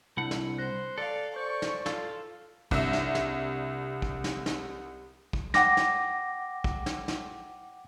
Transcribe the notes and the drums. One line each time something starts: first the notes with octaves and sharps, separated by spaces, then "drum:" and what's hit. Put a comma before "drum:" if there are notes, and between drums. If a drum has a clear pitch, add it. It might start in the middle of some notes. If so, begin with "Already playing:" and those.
C2 D4 E4 F#5
drum: snare
C5 F#6 A#6 C#7
A4 D5 F5
C5 D5 C#6
drum: snare
F4 A4 F5, drum: snare
C2 C3 D4 E5, drum: kick
drum: snare
drum: snare
drum: kick
drum: snare
drum: snare
drum: kick
F#5 G5 D6 A#6, drum: snare
drum: snare
drum: kick
drum: snare
drum: snare